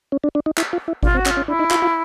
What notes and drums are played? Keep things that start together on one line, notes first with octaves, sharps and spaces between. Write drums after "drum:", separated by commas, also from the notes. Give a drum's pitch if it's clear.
C#4
D4
D4
D#4
E4, drum: clap
F4
E4
D4 F4, drum: kick G#1
C4
F#4
C#4, drum: clap
F4
C#4
D4 E4
D#4
F4, drum: clap
F4